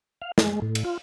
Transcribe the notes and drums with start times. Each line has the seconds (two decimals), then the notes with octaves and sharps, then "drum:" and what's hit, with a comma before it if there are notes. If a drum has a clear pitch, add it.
0.22 F5
0.38 G#3, drum: snare
0.62 A2
0.75 drum: cymbal
0.85 F4